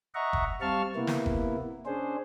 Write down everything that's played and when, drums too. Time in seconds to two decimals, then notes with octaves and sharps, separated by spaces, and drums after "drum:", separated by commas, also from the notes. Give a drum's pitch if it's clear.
0.15 D#5 E5 F#5 A#5 C#6
0.33 drum: kick F#1
0.61 G3 C4 F5 A5 C#6 F6
0.96 C3 A#3 B3 E4
1.07 drum: snare
1.26 drum: kick F#1
1.86 C#4 D4 G#4 C5